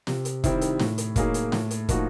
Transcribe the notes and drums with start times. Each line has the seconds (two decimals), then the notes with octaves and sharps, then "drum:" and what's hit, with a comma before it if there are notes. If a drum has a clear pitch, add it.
0.07 C3, drum: snare
0.25 drum: hi-hat
0.44 D#3 G3 C4 E4, drum: kick, hi-hat
0.61 drum: hi-hat
0.79 A2, drum: snare
0.98 drum: hi-hat
1.16 F#3 A#3 D#4 G#4, drum: kick, hi-hat
1.34 drum: hi-hat
1.52 A2, drum: snare
1.71 drum: hi-hat
1.89 F3 A#3 D#4 F#4, drum: kick, hi-hat